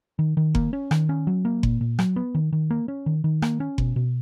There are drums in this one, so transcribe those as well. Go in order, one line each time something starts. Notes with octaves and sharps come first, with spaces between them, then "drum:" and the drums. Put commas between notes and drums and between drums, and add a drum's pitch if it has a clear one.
D#3
D#3
A#3, drum: kick F#1
C#4
D#3, drum: rim click
C#4
F#3
A#3
A#2, drum: kick F#1
A#2
F#3, drum: rim click
B3
D#3
D#3
A#3
C#4
D#3
D#3
A#3, drum: rim click
C#4
B2, drum: kick F#1
B2